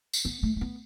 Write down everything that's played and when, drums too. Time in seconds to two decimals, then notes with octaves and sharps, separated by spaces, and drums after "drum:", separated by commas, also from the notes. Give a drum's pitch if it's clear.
0.13 drum: tambourine
0.25 B3
0.43 A3
0.56 A3
0.61 B3